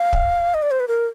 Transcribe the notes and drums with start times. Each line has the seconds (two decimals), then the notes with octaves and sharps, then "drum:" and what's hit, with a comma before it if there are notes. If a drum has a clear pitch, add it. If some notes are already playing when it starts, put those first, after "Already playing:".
Already playing: F5
0.13 drum: kick
0.54 D#5
0.62 D5
0.71 C5
0.80 B4
0.88 A#4